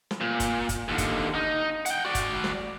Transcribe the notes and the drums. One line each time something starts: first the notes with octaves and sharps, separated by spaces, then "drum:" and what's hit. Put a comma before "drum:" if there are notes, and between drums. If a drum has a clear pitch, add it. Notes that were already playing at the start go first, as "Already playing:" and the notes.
drum: snare
A#2
drum: kick F#1, hi-hat
drum: kick F#1, hi-hat
D#2 D3
drum: kick F#1, hi-hat
D#4
F#5 G5, drum: hi-hat
F#4 D5
drum: kick F#1, hi-hat
drum: snare